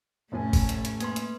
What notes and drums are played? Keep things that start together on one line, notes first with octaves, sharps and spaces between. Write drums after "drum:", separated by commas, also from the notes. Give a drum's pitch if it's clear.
F1 A2 A3 C#4 G#5
drum: kick G1, open hi-hat
drum: hi-hat
drum: hi-hat
A#3 B4 C6, drum: hi-hat
drum: hi-hat